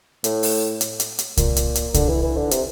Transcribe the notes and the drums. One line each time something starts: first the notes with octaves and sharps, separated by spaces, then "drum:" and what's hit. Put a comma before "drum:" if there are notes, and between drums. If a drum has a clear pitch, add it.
A2, drum: hi-hat
drum: open hi-hat
drum: hi-hat
drum: hi-hat
drum: hi-hat
A#2, drum: kick C2, hi-hat
drum: hi-hat
drum: hi-hat
D3, drum: kick C2, hi-hat
E3
E3
D3
C3, drum: hi-hat